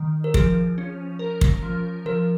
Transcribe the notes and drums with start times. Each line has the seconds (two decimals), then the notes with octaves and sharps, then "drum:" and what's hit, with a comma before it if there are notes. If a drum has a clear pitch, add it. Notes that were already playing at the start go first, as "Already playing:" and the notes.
Already playing: D#3
0.24 A#4
0.34 F3 G#4, drum: kick
0.78 C#4
1.19 A#4
1.41 drum: kick
1.62 F3
2.06 F3 A#4